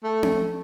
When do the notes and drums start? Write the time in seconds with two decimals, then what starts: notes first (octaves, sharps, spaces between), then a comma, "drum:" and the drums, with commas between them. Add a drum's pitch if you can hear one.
0.04 A3
0.23 drum: tom C4